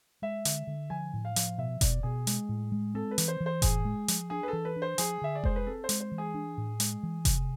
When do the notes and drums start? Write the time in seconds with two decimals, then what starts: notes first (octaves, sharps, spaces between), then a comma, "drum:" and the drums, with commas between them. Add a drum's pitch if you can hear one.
0.22 G#3 E5
0.45 D3, drum: hi-hat
0.67 D3
0.90 F3 G#5
1.14 A2
1.25 F5
1.36 F3, drum: hi-hat
1.58 B2 E5
1.81 B2 D5, drum: kick F1, hi-hat
2.03 B2 G#4
2.27 G#3, drum: hi-hat
2.49 A2
2.72 G#3
2.94 C4 A4
3.11 B4
3.18 E3, drum: hi-hat
3.28 C5
3.40 E3
3.46 C5
3.62 A2 G#4, drum: kick F1, hi-hat
3.85 G#3
4.08 F3, drum: hi-hat
4.30 D4 G#4
4.43 B4
4.48 E3 A4
4.65 B4
4.76 D4
4.82 C5
4.98 F3 G#4, drum: hi-hat
5.21 D3 E5
5.36 D5
5.44 G#3 C5, drum: kick F1
5.56 B4
5.67 C4 A4
5.84 C5
5.89 G#3, drum: hi-hat
6.00 C5
6.12 E3
6.18 G#4
6.34 D4
6.58 A2
6.80 G#3, drum: hi-hat
7.03 E3
7.25 C3, drum: kick F1, hi-hat